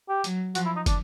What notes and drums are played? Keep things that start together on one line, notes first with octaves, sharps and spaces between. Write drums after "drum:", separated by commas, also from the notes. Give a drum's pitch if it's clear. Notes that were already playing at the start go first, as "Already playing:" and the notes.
G4
F#3, drum: hi-hat
F3 F#4, drum: hi-hat
E4
D#4
D4, drum: kick, hi-hat